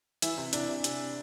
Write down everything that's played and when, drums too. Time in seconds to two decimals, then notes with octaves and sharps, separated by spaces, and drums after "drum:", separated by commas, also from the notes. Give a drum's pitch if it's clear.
0.22 E3 E4, drum: hi-hat
0.38 C3
0.53 C3 D4, drum: hi-hat
0.69 C3
0.84 C3, drum: hi-hat